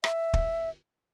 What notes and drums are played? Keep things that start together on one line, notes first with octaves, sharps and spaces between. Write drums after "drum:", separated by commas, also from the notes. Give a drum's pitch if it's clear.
E5, drum: rim click
drum: kick